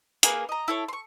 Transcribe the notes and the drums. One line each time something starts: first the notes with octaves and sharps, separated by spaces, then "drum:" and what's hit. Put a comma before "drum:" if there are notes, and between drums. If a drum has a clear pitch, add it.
A#3 G#4 A#4 B4, drum: hi-hat
D#5 A#5
E4 A4 C#5
C6 C#6